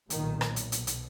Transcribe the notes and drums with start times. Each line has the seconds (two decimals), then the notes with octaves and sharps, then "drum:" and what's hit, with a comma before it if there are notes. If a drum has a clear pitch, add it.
0.10 B1 A#2 D#3, drum: hi-hat
0.41 drum: rim click
0.56 drum: hi-hat
0.72 B1 B2, drum: hi-hat
0.87 drum: hi-hat